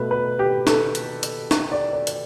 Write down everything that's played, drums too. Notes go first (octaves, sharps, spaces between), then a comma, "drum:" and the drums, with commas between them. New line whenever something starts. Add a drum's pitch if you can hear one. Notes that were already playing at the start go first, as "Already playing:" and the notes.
Already playing: B2 A3 B4
B4
G4
A4, drum: snare
drum: hi-hat
drum: hi-hat
drum: snare
D5
D5
drum: hi-hat